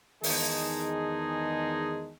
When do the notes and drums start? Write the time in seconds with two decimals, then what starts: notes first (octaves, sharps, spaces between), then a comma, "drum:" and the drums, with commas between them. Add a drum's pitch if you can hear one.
0.24 E2 D#3 G#3 D#4 G#4 A5, drum: open hi-hat